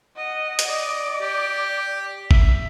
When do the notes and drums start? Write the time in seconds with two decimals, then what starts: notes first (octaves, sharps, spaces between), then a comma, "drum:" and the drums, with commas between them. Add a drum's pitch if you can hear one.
0.16 D#5 F#5
0.59 drum: hi-hat
0.70 D5 D#5 D6
1.21 G4
2.31 E5, drum: kick G#1